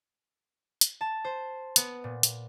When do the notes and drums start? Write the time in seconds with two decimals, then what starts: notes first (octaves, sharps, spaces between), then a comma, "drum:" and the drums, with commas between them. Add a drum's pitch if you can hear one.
0.81 drum: hi-hat
1.01 A5
1.24 C5
1.76 B3, drum: hi-hat
2.04 A#2
2.23 drum: hi-hat